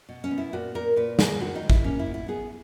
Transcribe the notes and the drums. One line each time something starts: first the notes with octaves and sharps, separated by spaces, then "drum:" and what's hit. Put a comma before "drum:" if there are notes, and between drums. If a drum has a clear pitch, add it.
B2
C#4
B3
E4
A#2 F#4
A#2 A#4
A#2 B4
B3 G#4, drum: snare
D#3 F#4
D#4
G#2
E4, drum: kick A1
A#3 C#4
E4
B2
E4
B3 G#4